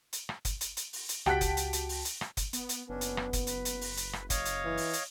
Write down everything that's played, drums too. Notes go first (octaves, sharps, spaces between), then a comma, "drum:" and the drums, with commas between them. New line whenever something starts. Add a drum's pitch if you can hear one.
drum: hi-hat
drum: rim click
drum: kick, hi-hat
drum: hi-hat
drum: hi-hat
drum: open hi-hat
drum: hi-hat
C#2 F#4 G4 F#5 G5 A5 F#6 B6, drum: rim click
drum: kick, hi-hat
drum: hi-hat
drum: hi-hat
drum: open hi-hat
drum: hi-hat
drum: rim click
drum: kick, hi-hat
B3, drum: hi-hat
drum: hi-hat
F#1 B3 C#4 D4
drum: hi-hat
drum: rim click
drum: kick, hi-hat
B4, drum: hi-hat
drum: hi-hat
drum: open hi-hat
drum: hi-hat
drum: rim click
C#5 D#5 F5, drum: kick, hi-hat
drum: hi-hat
E3
drum: open hi-hat
drum: hi-hat